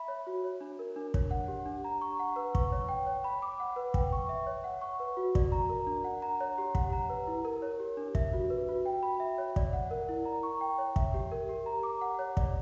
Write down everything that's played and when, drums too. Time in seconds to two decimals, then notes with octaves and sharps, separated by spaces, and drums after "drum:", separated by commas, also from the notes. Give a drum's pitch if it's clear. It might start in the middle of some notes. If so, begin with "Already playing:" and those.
Already playing: E5 B5
0.08 C#5
0.27 F#4
0.44 C#5
0.61 D4
0.79 A#4
0.96 D4
1.14 C#5, drum: kick
1.31 F#5
1.48 G4
1.66 D4
1.84 A#5
2.01 C#6
2.19 F#5
2.36 B4
2.55 C#6, drum: kick
2.72 C#5
2.89 G5
3.06 C#5
3.24 B5
3.42 D6
3.60 F#5
3.76 B4
3.94 G5, drum: kick
4.12 C#6
4.29 E5
4.47 C#5
4.64 F#5
4.81 C#6
5.00 B4
5.17 F#4
5.35 D5, drum: kick
5.52 A#5
5.69 A#4
5.87 D4
6.04 F#5
6.22 A#5
6.40 C#5
6.58 G4
6.75 F#5, drum: kick
6.93 A#5
7.09 B4
7.27 E4
7.45 A#4
7.62 C#5
7.80 G4
7.97 D4
8.15 E5, drum: kick
8.33 F#4
8.50 B4
8.68 F#4
8.86 G5
9.03 B5
9.20 E5
9.38 C#5
9.56 D5, drum: kick
9.73 F#5
9.91 A#4
10.09 E4
10.25 A#5
10.43 C#6
10.61 G5
10.78 C#5
10.96 E5, drum: kick
11.14 G4
11.32 A#4
11.49 G4
11.66 A#5
11.83 D6
12.01 F#5
12.19 C#5
12.37 D5, drum: kick